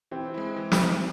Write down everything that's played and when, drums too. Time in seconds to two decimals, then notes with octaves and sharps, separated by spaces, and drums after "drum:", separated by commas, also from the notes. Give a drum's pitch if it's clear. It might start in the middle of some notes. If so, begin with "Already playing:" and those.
0.11 E3 C4
0.34 G#3 E4
0.56 E3
0.72 drum: snare